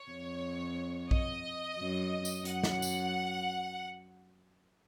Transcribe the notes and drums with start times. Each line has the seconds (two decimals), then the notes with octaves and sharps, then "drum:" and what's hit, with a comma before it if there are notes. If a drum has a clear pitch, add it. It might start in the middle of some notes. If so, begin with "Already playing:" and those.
Already playing: C#5
0.11 F2
1.11 D#5, drum: kick A#1
1.79 F#2
2.25 drum: tambourine
2.45 F#2 F#5, drum: hi-hat
2.63 drum: snare
2.82 drum: tambourine